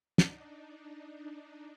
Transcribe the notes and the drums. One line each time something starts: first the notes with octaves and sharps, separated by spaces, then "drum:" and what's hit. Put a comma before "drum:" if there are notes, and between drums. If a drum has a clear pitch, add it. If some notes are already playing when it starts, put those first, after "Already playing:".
D4 D#4, drum: snare